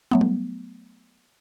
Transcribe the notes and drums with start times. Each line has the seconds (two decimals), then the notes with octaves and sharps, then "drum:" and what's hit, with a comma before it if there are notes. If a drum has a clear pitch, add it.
0.11 F#3 A3 B3
0.21 drum: tom G3